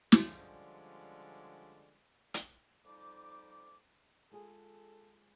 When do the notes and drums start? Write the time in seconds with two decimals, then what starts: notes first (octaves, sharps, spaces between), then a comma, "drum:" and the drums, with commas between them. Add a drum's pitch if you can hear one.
0.12 D3 F3 G3 G#3 C#4 D5, drum: snare
2.34 drum: hi-hat
2.84 F2 F3 G3 D#4 D6
4.31 G#3 F4 G#4 A4